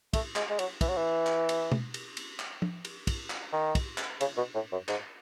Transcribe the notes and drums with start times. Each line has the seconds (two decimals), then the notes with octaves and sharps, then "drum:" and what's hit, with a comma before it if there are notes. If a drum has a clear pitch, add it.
0.13 A3, drum: kick, cymbal
0.36 G#3, drum: clap
0.50 G#3
0.59 F#3, drum: cymbal
0.81 E3, drum: kick, cymbal
0.89 F#3
0.97 E3
1.26 drum: clap
1.49 drum: cymbal
1.72 drum: tom B2
1.94 drum: cymbal
2.17 drum: cymbal
2.39 drum: clap
2.62 drum: tom
2.85 drum: cymbal
3.07 drum: kick, cymbal
3.30 drum: clap
3.53 D#3
3.75 drum: kick, cymbal
3.98 drum: clap
4.21 C#3, drum: cymbal
4.37 B2
4.55 A2
4.72 F#2
4.88 G#2, drum: clap